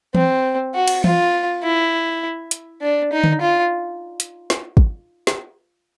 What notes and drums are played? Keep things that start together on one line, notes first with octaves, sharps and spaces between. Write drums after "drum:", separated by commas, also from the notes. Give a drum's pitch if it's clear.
C4, drum: tom E3
F#4
drum: cymbal
F4, drum: tom E3
E4
drum: hi-hat
D4
D#4
drum: tom D3
F4
drum: hi-hat
drum: snare
drum: kick
drum: snare